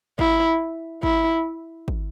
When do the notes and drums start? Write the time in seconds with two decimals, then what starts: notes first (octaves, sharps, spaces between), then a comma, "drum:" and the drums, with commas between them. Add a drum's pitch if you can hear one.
0.19 E4, drum: kick G#1
1.03 E4, drum: kick G#1
1.88 drum: kick G#1